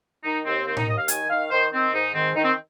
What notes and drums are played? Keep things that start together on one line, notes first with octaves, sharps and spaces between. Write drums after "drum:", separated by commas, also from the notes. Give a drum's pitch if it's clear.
D#3 D#4
D#2 C4
D#3 C4
D#4, drum: tom A2
D#2 D#5
F5
D#3 G#5, drum: hi-hat
D#3 F5
D#3 C5
D#3 C4
G#2 D#4
D#3 C4
D#3 D#4
C4